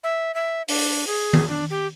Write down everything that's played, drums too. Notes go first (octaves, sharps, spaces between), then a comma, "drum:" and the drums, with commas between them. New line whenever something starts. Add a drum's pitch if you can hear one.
E5
E5
D4, drum: open hi-hat
G#4
drum: tom D#3
D4
G4